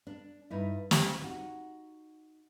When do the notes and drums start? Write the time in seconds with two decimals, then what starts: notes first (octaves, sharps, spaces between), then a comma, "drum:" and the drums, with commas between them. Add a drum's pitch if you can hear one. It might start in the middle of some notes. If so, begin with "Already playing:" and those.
0.07 D4
0.50 G2 D#4 E4
0.91 G4, drum: snare
1.22 D#4 F#4